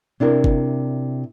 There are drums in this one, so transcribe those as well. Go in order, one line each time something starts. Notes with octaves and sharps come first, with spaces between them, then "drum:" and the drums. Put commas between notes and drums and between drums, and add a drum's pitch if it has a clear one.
C3 D4 E4 A#4
drum: kick G1